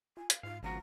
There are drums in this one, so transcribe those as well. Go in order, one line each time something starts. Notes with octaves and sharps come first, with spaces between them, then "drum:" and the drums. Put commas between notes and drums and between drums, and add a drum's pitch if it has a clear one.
F4 G#5
F5, drum: hi-hat
G#2 F4 F5
G#1 C#2 F3 F#4 A#5